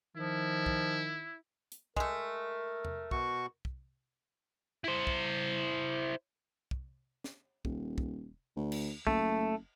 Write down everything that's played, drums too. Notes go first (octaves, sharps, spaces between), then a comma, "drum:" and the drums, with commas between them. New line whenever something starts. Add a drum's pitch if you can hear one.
D#3 F3 E4
drum: kick
drum: hi-hat
G#3 A3 A#4, drum: kick
drum: tom E2
B2 F#4 C#6, drum: kick
drum: kick
E4 C5
drum: kick
drum: kick
drum: snare
D#1, drum: kick
drum: kick
D2
drum: cymbal
F#1 A3, drum: kick